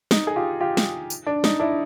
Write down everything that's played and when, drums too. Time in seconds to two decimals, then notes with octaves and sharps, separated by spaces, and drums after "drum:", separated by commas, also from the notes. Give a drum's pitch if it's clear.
0.11 D#4, drum: snare
0.27 G#4
0.36 F4 G4
0.61 F4 G4
0.77 drum: snare
1.10 drum: tambourine
1.27 D4
1.44 D#4, drum: snare
1.60 D4 E4